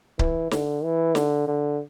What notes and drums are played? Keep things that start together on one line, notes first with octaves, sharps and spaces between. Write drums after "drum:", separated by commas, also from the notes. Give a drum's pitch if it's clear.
E3, drum: kick C#1
D3, drum: snare
E3
D3, drum: snare
D3